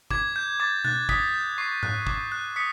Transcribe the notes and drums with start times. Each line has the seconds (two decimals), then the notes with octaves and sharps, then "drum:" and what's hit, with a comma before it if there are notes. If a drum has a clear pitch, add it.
0.11 D6 G#6, drum: kick
0.36 G6
0.60 D6 A6
0.84 F#6 A6, drum: tom B2
1.09 D#6 B6, drum: kick
1.34 G6
1.58 C#6 C7
1.83 F#6, drum: tom G#2
2.07 D6, drum: kick
2.32 F#6
2.56 D#6 B6 C#7